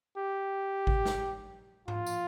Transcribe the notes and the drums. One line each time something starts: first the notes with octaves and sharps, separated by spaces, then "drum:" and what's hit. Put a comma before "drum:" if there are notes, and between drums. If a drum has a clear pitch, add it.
G4
drum: kick G#1
drum: snare
F4, drum: tom G#2
drum: tambourine